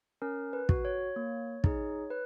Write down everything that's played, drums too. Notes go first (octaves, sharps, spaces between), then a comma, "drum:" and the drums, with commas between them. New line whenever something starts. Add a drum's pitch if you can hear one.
C#4 A#4
B4
F#4, drum: kick
C#5
A#3
D#4 G#4, drum: kick
B4